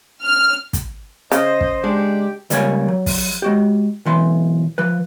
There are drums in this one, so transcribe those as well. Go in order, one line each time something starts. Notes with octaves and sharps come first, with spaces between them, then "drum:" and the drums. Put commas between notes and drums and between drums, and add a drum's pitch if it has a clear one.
F6
drum: kick, hi-hat
C#3 C5 D#5, drum: hi-hat
drum: kick
G#3 D4 G4
C#2 G3 A#3 C#5 G#5, drum: hi-hat
F#3
drum: kick, open hi-hat
G#3 F#4 G4
B1 E3 C6
F3 B4